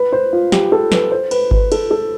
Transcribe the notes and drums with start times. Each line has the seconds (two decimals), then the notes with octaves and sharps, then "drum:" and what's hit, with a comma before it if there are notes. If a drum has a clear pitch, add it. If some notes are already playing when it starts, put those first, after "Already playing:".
Already playing: B4
0.13 C5
0.33 F4
0.52 G4, drum: snare
0.72 A4
0.92 B4, drum: snare
1.12 C5
1.31 B4, drum: cymbal
1.51 B4, drum: kick G1
1.72 A4, drum: cymbal
1.91 A4